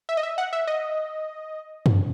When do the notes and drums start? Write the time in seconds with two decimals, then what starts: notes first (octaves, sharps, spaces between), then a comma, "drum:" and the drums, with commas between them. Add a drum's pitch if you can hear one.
0.09 E5
0.17 D#5
0.23 E5
0.38 F#5
0.53 E5
0.67 D#5
1.86 drum: tom F#2